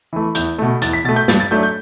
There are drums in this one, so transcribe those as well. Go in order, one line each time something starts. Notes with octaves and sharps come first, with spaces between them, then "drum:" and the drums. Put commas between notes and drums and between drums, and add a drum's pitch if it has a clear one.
E3 A3
E2 G6, drum: hi-hat
B2 A3
E2 A6, drum: hi-hat
B6
B2 A3 A6
G6
G2 A6, drum: snare
A6
F#3 A3 D4 G6
G6